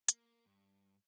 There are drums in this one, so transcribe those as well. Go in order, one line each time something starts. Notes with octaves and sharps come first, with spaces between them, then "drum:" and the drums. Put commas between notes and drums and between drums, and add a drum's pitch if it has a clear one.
A#3, drum: hi-hat
G2